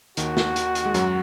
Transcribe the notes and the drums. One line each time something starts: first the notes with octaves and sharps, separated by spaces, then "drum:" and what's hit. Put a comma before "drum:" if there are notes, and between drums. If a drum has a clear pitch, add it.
D#2 D#3 F#4, drum: hi-hat
drum: snare
drum: hi-hat
drum: hi-hat
G#3
F#2 F#3, drum: hi-hat